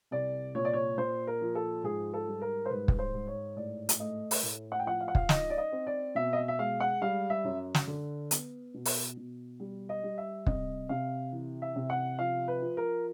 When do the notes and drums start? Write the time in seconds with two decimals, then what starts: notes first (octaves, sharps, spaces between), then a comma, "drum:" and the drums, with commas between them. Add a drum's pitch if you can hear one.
0.11 C2 D5
0.55 A#2 C#5
0.65 D5
0.73 C#5
0.98 A#2 C5
1.27 A#4
1.41 F3
1.55 A4
1.84 G#2 G#4
2.14 A4
2.27 G3
2.41 A#4
2.65 C5
2.70 G#2 B4
2.88 drum: kick
2.99 C5
3.13 G#2
3.27 C#5
3.56 A2 D5
3.89 drum: hi-hat
4.00 A3 D#5
4.31 drum: open hi-hat
4.43 A2
4.72 F#5
4.79 G5
4.86 F3 F#5
5.00 F5
5.08 F#5
5.15 F5, drum: kick
5.29 D#4 D#5, drum: snare
5.50 D5
5.58 D#5
5.72 C4
5.87 D5
6.15 B2 E5
6.33 D#5
6.37 E5
6.48 E5
6.59 G#3 F5
6.80 F#5
7.01 G3 F5
7.30 E5
7.44 F#2
7.75 drum: snare
7.87 D3
8.31 B3, drum: hi-hat
8.74 B2
8.85 drum: open hi-hat
9.17 B2
9.60 G3
9.89 D#5
10.03 G3
10.18 E5
10.46 C3 D#5, drum: kick
10.89 C3 F5
11.32 E3
11.62 E5
11.76 C3
11.90 F#5
12.19 F3 F5
12.48 B4
12.62 F3
12.77 A#4